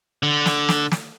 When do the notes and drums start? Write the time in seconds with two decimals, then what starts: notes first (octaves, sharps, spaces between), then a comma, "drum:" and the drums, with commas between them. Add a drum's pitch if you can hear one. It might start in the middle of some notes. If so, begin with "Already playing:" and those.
0.23 D3
0.46 drum: snare
0.69 drum: snare
0.92 drum: snare